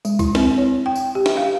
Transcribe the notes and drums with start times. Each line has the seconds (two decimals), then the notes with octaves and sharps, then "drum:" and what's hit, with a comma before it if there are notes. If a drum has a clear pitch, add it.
0.05 G#3, drum: tambourine
0.19 E4, drum: kick C2, tambourine
0.35 C4, drum: snare
0.57 C#5
0.86 G5
0.96 drum: tambourine
1.15 G4
1.26 drum: snare
1.37 F5